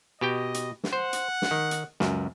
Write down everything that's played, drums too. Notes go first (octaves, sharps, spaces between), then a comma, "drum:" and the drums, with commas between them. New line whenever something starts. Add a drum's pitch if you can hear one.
B2 G4 D#5 G5
drum: hi-hat
drum: snare
C5 F#5
drum: hi-hat
drum: snare
D#3
drum: hi-hat
C#2 F#2, drum: snare